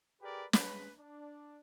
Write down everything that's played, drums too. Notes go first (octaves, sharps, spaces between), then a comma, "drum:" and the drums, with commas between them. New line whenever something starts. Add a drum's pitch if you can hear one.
G4 G#4 A#4 B4 D5
G#3 B4, drum: snare
D4